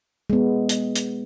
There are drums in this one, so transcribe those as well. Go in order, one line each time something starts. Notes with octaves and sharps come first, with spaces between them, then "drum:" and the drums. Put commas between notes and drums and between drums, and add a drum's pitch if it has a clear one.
G#3 B3
drum: hi-hat
drum: hi-hat